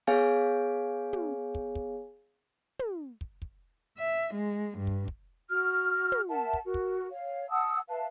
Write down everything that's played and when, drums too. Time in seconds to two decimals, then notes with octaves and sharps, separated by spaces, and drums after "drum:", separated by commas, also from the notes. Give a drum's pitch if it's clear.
0.07 B3 G#4 C#5 F5 G#5
1.13 drum: tom
1.55 drum: kick
1.75 drum: kick
2.79 drum: tom
3.21 drum: kick
3.42 drum: kick
3.98 E5
4.34 G#3
4.78 G2
4.87 drum: kick
5.08 drum: kick
5.50 F#4 F6
6.12 drum: tom
6.29 A#4 E5 F#5 A5
6.53 drum: kick
6.64 F#4 A#4
6.74 drum: kick
7.11 C#5 F5
7.50 F#5 A5 D#6 E6
7.88 B4 E5 F5 A5